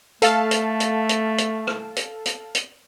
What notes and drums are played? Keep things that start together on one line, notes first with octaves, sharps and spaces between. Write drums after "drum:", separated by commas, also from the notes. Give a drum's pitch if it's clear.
A3 A4 F5 A5, drum: hi-hat
drum: hi-hat
drum: hi-hat
drum: hi-hat
drum: hi-hat
drum: rim click
drum: hi-hat
drum: hi-hat
drum: hi-hat